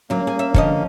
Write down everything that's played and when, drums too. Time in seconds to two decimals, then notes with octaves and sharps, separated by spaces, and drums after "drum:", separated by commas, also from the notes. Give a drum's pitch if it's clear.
0.10 D2 F#3 A#3 C#4
0.27 G#4
0.39 E5
0.54 D3 F3 C#4 D#5, drum: kick